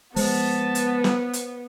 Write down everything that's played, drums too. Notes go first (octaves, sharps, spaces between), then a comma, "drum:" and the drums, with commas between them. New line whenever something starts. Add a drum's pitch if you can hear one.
F3 G#3 B3 C5 A5, drum: open hi-hat
drum: hi-hat
drum: snare
drum: hi-hat